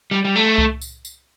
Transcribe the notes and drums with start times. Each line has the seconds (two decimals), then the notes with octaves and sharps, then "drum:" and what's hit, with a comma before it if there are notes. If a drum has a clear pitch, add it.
0.11 G3
0.25 G3
0.36 A3
0.58 drum: kick C2
0.81 drum: tambourine
1.05 drum: tambourine